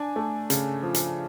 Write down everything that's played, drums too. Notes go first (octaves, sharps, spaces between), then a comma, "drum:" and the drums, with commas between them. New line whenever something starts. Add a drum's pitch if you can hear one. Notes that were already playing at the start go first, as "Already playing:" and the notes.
Already playing: D4 G#5
A3
C#3, drum: hi-hat
F3
drum: hi-hat